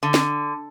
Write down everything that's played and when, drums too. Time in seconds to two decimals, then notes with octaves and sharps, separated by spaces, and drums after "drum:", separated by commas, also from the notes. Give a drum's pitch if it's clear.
0.03 D3
0.14 drum: snare